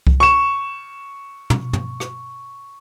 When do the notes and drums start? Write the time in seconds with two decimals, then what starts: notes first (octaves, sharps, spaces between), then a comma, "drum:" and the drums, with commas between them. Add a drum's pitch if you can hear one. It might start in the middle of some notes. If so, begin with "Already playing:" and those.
0.07 drum: kick C2
0.20 C#6 E7
1.50 drum: tom
1.73 drum: tom
2.00 drum: rim click